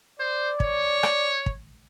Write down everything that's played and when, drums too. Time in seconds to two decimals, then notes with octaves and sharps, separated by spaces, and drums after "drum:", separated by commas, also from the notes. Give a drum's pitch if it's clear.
0.20 C5 D5
0.60 C#5, drum: kick
1.03 drum: rim click
1.46 drum: kick